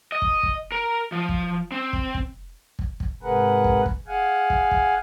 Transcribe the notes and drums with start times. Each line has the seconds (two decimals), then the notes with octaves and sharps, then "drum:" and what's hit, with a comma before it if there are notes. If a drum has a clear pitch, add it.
0.12 D#5
0.22 drum: kick
0.43 drum: kick
0.72 A#4
1.12 F3
1.29 drum: kick
1.72 C4
1.93 drum: kick
2.14 drum: kick
2.79 drum: kick
3.00 drum: kick
3.23 G#2 C3 G#4 A#4 B4 F#5
3.64 drum: kick
3.86 drum: kick
4.07 G#4 F5 F#5 G#5
4.50 drum: kick
4.71 drum: kick